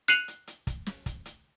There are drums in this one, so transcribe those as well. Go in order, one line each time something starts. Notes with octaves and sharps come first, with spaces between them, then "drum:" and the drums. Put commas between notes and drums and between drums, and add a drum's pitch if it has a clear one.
F#6 C7 C#7 D#7 F7 F#7, drum: hi-hat
drum: hi-hat
drum: hi-hat
drum: kick, hi-hat
drum: snare
drum: kick, hi-hat
drum: hi-hat